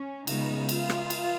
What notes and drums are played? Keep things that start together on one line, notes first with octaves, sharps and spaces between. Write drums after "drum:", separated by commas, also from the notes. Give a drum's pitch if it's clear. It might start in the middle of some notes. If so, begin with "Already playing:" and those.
Already playing: C#4
C#3 G#3 B3 D#4, drum: cymbal
F4, drum: cymbal
drum: rim click
drum: cymbal